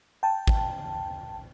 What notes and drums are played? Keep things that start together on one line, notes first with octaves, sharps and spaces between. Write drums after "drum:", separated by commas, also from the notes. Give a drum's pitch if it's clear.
G5 A5
drum: kick